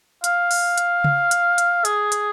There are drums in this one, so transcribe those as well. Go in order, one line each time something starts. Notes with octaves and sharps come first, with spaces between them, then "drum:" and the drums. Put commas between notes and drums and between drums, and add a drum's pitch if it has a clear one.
F5, drum: hi-hat
drum: open hi-hat
drum: hi-hat
drum: tom C#3
drum: hi-hat
drum: hi-hat
G#4, drum: hi-hat
drum: hi-hat